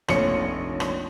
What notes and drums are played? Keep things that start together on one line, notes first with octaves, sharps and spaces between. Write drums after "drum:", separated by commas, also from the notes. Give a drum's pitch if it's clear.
F1 A#1 C#5 C#7, drum: rim click
drum: rim click